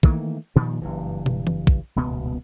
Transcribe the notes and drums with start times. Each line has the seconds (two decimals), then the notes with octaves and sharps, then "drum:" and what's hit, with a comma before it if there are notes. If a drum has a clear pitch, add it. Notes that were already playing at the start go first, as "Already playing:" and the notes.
0.03 D#3 E3 A3 A#3, drum: kick
0.56 G2 A#2 D#3 F3
0.82 F#1 G2 E3
1.26 drum: tom
1.47 drum: tom E3
1.67 drum: kick
1.96 D#1 C#2 B2 B3